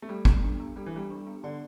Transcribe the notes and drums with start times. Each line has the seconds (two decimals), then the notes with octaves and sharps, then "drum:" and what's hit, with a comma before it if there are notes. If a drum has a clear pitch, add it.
0.02 A3
0.09 G3 A4
0.25 B3, drum: kick
0.43 D4
0.60 B3
0.76 G3 A4
0.86 E3
0.93 G3 B3
1.10 D4
1.27 B3
1.44 D3 D5